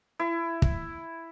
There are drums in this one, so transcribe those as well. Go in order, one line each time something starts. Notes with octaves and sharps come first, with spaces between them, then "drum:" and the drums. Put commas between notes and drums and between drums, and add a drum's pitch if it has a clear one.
E4
drum: kick